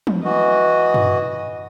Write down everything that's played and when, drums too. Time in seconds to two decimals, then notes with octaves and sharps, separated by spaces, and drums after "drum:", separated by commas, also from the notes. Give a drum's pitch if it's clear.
0.07 drum: tom
0.25 E3 F#4 D#5
0.94 drum: tom